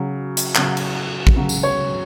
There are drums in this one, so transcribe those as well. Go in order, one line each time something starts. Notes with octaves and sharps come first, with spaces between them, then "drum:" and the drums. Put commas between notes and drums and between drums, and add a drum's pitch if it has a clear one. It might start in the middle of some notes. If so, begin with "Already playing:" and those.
Already playing: C#3 F#3
drum: hi-hat
C#3 F#3, drum: clap
drum: cymbal
drum: kick
C#3 F#3
drum: tambourine
C#5